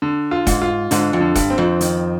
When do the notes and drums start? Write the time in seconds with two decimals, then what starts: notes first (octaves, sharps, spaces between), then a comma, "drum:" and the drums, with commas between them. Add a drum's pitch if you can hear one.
0.02 D3
0.31 F4
0.47 G#2, drum: kick F1, hi-hat
0.62 F4
0.91 G#2 D3, drum: hi-hat
1.13 F2
1.20 D3
1.35 G2, drum: kick F1, hi-hat
1.50 C4
1.58 F2
1.81 D#3, drum: hi-hat